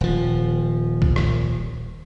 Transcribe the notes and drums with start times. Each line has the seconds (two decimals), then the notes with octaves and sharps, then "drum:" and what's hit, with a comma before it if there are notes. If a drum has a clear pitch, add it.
0.01 D#1 F3
1.02 drum: kick B1
1.16 drum: rim click